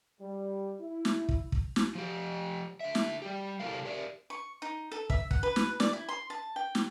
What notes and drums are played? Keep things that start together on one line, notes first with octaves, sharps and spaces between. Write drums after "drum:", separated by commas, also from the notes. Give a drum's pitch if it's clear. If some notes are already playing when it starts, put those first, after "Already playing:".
G3
E4
drum: snare
drum: kick
drum: kick
drum: snare
F3 G4
D3 E5
drum: snare
G3 G4
C3 E4 G4 A4 A#4 F5
G4 A#4 D5
C#6
D#4
A4
E5, drum: kick
F#5, drum: kick
B4
drum: snare
D5, drum: snare
E4
C6
A5
G5
drum: snare